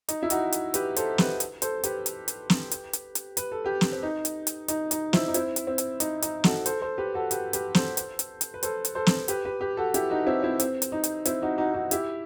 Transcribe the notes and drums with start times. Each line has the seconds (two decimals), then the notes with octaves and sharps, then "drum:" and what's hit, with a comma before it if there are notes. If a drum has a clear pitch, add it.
0.09 D#4, drum: hi-hat
0.23 E4
0.30 D#4 F#4, drum: hi-hat
0.52 drum: hi-hat
0.74 G4 B4, drum: hi-hat
0.96 A4 C5, drum: hi-hat
1.18 G4 B4, drum: snare
1.40 drum: hi-hat
1.62 A4 C5, drum: hi-hat
1.84 G4 B4, drum: hi-hat
2.06 drum: hi-hat
2.28 drum: hi-hat
2.50 drum: snare
2.71 drum: hi-hat
2.93 drum: hi-hat
3.15 drum: hi-hat
3.37 B4, drum: hi-hat
3.52 A4
3.64 G4 B4
3.81 drum: snare
3.92 C4
4.03 D#4
4.25 drum: hi-hat
4.47 drum: hi-hat
4.68 D#4, drum: hi-hat
4.91 D#4, drum: hi-hat
5.13 C4 E4, drum: snare
5.28 D#4
5.34 C4 E4, drum: hi-hat
5.56 drum: hi-hat
5.67 C4
5.78 drum: hi-hat
6.00 D#4, drum: hi-hat
6.22 D#4, drum: hi-hat
6.44 F#4 A4, drum: snare
6.66 A4 C5, drum: hi-hat
6.81 A4 C5
6.98 G4 B4
7.14 F#4 A4
7.31 G4 B4, drum: hi-hat
7.53 G4 B4, drum: hi-hat
7.75 A4 C5, drum: snare
7.97 drum: hi-hat
8.19 drum: hi-hat
8.41 drum: hi-hat
8.54 B4
8.63 A4 C5, drum: hi-hat
8.85 drum: hi-hat
8.95 A4 C5
9.06 drum: snare
9.28 G4 B4, drum: hi-hat
9.45 G4 B4
9.61 G4 B4
9.77 F#4 A4
9.94 E4 G4, drum: hi-hat
10.10 D#4 F#4
10.27 C4 E4
10.43 C4 E4
10.60 C4, drum: hi-hat
10.82 drum: hi-hat
10.92 D#4
11.04 drum: hi-hat
11.25 C4 E4, drum: hi-hat
11.42 D#4 F#4
11.58 D#4 F#4
11.74 D#4 F#4
11.91 E4 G4, drum: hi-hat